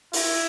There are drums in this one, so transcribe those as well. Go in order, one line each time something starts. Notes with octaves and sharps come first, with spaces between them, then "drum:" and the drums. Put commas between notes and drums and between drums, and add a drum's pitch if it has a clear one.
E4, drum: open hi-hat